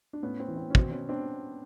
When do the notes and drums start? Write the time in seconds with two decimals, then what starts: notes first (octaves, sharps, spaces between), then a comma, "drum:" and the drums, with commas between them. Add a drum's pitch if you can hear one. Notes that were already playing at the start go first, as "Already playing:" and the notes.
0.13 D4
0.23 A2 B3 C#4
0.40 C4
0.48 E3
0.57 C4
0.70 C#4
0.75 B2 C4, drum: kick
0.92 B3 C#4
1.09 C4 D4